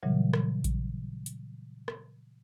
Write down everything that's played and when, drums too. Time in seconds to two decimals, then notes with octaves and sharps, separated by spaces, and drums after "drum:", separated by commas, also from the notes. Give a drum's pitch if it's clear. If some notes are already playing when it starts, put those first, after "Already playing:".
0.03 A#2 C#3 E3 F#3 G3
0.33 drum: rim click
0.64 drum: kick A1, hi-hat
1.26 drum: hi-hat
1.88 drum: rim click